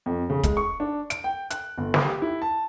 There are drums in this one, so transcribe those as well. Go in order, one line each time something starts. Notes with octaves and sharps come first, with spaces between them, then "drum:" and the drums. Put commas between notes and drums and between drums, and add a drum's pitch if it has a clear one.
F2
C#3
G#3, drum: kick, hi-hat
C#6
D4
D7, drum: hi-hat
G5
F#6, drum: hi-hat
G1
drum: snare
G4
E4
A5